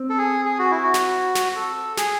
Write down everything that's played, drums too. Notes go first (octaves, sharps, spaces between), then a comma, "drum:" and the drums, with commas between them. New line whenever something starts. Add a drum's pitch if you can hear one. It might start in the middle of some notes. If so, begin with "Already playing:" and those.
Already playing: C4
A4
G#4
G#4
F#4
E4
F#4
drum: snare
drum: snare
A4
G#4, drum: snare